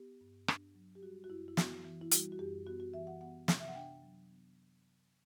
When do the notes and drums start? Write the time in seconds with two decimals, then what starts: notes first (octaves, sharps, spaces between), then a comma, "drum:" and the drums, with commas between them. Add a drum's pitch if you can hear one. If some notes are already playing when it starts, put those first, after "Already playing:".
Already playing: B3 G4
0.21 G2
0.48 D4, drum: rim click
0.75 F#3
0.95 G4
1.03 G3 F#4
1.24 F#4
1.30 F#2 E4
1.48 E4
1.57 B3 F#4, drum: snare
1.85 E3
2.01 E4
2.12 G3 F#4, drum: hi-hat
2.32 F#4
2.39 F#2 G4
2.67 B3 F#4
2.80 F#4
2.93 E3 E5
3.07 F#5
3.21 B3 F#5
3.48 C3, drum: snare
3.60 E5
3.68 F#5
3.75 D4 G5
4.02 F#3
4.30 B3